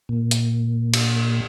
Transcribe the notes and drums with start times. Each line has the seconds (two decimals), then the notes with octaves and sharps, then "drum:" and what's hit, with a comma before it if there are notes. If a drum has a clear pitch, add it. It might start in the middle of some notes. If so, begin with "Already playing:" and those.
0.09 A#2
0.31 drum: hi-hat
0.94 drum: cymbal